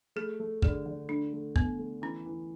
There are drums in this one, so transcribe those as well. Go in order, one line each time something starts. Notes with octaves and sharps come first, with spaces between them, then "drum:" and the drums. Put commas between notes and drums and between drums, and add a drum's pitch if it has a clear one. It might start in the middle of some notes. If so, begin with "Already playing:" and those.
A3 G#4
A3
D3 G#4, drum: kick
D3
A3 D4
A3
A3 B3, drum: kick
A3
E3 C#4
E3